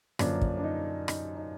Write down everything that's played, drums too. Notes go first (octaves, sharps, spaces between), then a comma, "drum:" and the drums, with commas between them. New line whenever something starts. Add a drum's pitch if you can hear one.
F#2 D3 F3 A#3 D4, drum: rim click
drum: kick
D4
D#4
D#4, drum: rim click
D#4